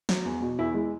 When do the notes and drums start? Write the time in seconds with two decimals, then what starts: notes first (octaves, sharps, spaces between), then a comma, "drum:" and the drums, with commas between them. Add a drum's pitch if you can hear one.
0.09 F#3, drum: snare
0.25 E2
0.42 B2
0.59 E2 E4
0.74 G#3